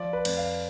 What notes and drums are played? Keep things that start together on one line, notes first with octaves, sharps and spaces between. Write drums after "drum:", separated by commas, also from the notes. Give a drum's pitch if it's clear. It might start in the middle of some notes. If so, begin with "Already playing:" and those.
Already playing: F3 D5
B4
F2, drum: cymbal
F5